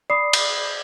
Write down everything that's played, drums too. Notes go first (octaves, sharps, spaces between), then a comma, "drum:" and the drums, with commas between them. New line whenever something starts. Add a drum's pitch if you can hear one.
D5 B5 D#6 C7
drum: cymbal